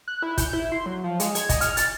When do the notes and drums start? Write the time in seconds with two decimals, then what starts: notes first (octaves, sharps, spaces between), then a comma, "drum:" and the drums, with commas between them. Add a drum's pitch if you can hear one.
0.08 F#6
0.23 E4
0.38 G6, drum: kick, hi-hat
0.53 E4
0.72 C6
0.86 F#3
1.04 F3
1.20 G#3, drum: hi-hat
1.35 G#6, drum: hi-hat
1.49 D#5, drum: kick, hi-hat
1.61 F6, drum: hi-hat
1.77 A6, drum: hi-hat